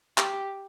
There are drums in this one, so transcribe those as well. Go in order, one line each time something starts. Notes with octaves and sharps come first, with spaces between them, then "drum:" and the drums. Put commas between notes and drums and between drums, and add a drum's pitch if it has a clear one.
G4, drum: clap